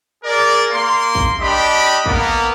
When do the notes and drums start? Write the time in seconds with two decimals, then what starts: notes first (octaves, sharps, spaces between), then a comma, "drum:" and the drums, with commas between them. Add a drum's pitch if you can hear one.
0.24 G#4 A#4 D5
0.71 A#3 C6
1.15 drum: kick
1.40 D4 G4 D#5 B5
2.06 A#3 B3, drum: kick